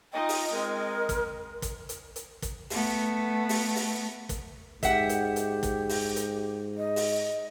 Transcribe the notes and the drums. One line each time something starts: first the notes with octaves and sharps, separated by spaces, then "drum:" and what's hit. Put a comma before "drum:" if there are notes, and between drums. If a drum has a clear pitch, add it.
D#4 F4 D#5 G5
drum: open hi-hat
G#3 C4 A#4
drum: kick, hi-hat
drum: kick, hi-hat
drum: hi-hat
drum: hi-hat
drum: kick, hi-hat
A3 B3, drum: open hi-hat
drum: open hi-hat
drum: open hi-hat
drum: kick, hi-hat
G#2 G4 E5 F#5, drum: kick, hi-hat
drum: hi-hat
drum: hi-hat
drum: kick, hi-hat
drum: open hi-hat
drum: hi-hat
D#5
drum: open hi-hat